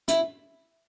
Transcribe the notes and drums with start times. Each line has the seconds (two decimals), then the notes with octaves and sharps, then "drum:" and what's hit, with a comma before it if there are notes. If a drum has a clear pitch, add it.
0.08 E4, drum: hi-hat